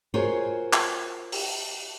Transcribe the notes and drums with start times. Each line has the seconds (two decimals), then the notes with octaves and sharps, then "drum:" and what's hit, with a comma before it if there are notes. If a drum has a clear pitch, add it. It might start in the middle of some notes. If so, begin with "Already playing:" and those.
0.14 F4 F#4 G#4 A#4 C5 C#5
0.73 drum: clap
1.32 drum: open hi-hat